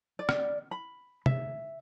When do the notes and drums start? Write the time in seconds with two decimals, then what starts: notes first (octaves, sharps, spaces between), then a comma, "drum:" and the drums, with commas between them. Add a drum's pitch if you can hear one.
0.19 D5
0.29 drum: rim click
0.71 B5
1.26 E5, drum: tom C3